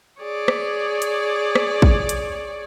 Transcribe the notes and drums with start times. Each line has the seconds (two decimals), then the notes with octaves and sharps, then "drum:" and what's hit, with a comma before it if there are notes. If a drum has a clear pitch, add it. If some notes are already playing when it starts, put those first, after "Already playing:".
0.21 G#4 C#5 D5
0.48 drum: rim click
1.02 drum: hi-hat
1.55 drum: rim click
1.82 drum: kick
2.09 drum: hi-hat